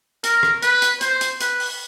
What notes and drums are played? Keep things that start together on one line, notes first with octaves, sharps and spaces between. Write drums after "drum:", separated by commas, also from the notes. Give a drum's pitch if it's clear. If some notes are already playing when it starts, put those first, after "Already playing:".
A#4, drum: hi-hat
drum: rim click
B4, drum: hi-hat
drum: hi-hat
C5, drum: hi-hat
drum: hi-hat
B4, drum: hi-hat
drum: open hi-hat